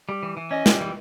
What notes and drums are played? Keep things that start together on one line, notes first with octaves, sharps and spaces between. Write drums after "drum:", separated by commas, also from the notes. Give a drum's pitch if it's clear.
G3
E3
E3
C#4 D#5
G3, drum: snare
E3